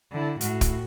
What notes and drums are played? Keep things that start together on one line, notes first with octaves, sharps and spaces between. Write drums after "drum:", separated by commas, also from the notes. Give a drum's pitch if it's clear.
D3 E4
A2 F#4, drum: hi-hat
drum: kick, hi-hat